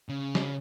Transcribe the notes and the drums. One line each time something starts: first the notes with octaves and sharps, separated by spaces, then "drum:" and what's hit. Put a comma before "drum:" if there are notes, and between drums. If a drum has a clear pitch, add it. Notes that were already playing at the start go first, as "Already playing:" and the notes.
C#3
drum: snare